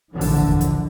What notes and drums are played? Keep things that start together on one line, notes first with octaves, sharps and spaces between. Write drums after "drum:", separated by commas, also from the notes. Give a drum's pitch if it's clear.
A#1 D3 E3
drum: open hi-hat
drum: kick D#2
drum: hi-hat